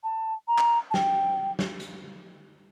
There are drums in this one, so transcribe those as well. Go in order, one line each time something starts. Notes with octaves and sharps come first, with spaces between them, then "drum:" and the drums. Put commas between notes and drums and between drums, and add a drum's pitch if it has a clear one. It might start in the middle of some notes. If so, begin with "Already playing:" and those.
A5
A#5
drum: clap
A5
G5, drum: snare
drum: snare
drum: hi-hat